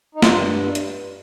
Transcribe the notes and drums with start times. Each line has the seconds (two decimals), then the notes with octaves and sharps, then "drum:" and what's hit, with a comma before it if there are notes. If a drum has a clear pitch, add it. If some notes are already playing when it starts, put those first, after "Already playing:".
0.15 D#4
0.22 G2 F4, drum: snare
0.75 drum: hi-hat